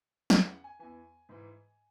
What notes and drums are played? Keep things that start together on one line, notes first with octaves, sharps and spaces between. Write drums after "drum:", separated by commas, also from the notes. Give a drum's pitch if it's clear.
E2 C#3 E3 G#4, drum: snare
F#5
G#5
E2 E3 G#5
G#2 E3